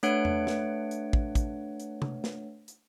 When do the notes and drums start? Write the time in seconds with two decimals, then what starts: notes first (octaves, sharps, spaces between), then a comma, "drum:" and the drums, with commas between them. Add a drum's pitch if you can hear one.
0.03 A3 D4 B4 C#5 F#5 D7, drum: hi-hat
0.25 drum: tom E2
0.47 drum: snare
0.91 drum: hi-hat
1.13 drum: kick
1.35 drum: kick, hi-hat
1.80 drum: hi-hat
2.02 drum: tom C3
2.24 drum: snare
2.68 drum: hi-hat